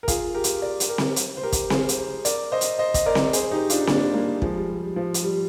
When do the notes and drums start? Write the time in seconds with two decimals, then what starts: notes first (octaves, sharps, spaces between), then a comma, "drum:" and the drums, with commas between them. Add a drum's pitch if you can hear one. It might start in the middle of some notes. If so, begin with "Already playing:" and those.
0.03 A#4
0.08 F4 G#4, drum: kick, hi-hat
0.34 G4 A#4
0.44 drum: hi-hat
0.62 A#4 D5
0.80 drum: hi-hat
0.89 G4 A#4
0.98 drum: snare C4
1.16 drum: hi-hat
1.37 C5
1.43 G4 A#4
1.52 drum: kick, hi-hat
1.70 G#4 C5, drum: snare C4
1.89 drum: hi-hat
2.25 A#4 D5, drum: hi-hat
2.52 C5 D#5
2.61 drum: hi-hat
2.79 C5 D#5
2.94 D#5, drum: kick, hi-hat
3.06 A#4 D5
3.15 drum: snare C4
3.33 G#4 C5, drum: hi-hat
3.52 D#4 G4
3.70 D4 F4, drum: hi-hat
3.79 D#4
3.87 A#3 D4, drum: snare C4
4.14 G3 A#3
4.42 F3 G#3, drum: kick
4.56 G3
4.69 G3
4.82 G3
4.96 F3
5.14 drum: hi-hat
5.23 G3